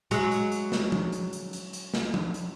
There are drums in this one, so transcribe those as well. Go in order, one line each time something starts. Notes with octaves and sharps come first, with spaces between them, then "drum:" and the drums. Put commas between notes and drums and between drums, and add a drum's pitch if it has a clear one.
F#3 G#3, drum: hi-hat
drum: hi-hat
drum: hi-hat
drum: snare
drum: tom F3
drum: hi-hat
drum: hi-hat
drum: hi-hat
drum: hi-hat
drum: snare
drum: tom F3
drum: hi-hat